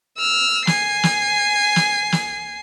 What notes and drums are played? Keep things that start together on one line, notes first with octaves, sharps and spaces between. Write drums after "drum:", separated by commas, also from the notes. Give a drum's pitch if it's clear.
E6 F6
G#5 C7, drum: snare
drum: snare
drum: snare
drum: snare